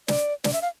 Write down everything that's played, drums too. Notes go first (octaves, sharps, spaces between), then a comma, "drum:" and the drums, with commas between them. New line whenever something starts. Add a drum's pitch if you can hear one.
D5, drum: snare
D5, drum: snare
E5
F5